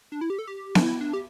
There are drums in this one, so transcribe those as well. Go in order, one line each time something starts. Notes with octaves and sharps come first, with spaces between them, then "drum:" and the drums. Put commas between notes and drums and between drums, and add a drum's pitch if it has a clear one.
D4
E4
G4
A4
G4
D4, drum: snare B3
E4
D4
G4